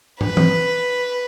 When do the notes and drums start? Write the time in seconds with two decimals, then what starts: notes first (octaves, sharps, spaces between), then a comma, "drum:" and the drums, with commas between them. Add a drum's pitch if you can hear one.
0.21 B4, drum: tom
0.37 drum: tom E3